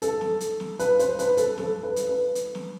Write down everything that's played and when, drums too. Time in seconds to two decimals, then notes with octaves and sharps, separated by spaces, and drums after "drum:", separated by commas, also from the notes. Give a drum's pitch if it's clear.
0.02 A4, drum: hi-hat
0.21 drum: snare
0.40 drum: hi-hat
0.60 drum: snare
0.79 B4, drum: hi-hat
0.99 C5, drum: hi-hat
1.19 B4, drum: hi-hat
1.37 A4, drum: hi-hat
1.58 A4, drum: snare
1.83 B4
1.96 drum: hi-hat
2.09 B4
2.35 drum: hi-hat
2.55 drum: snare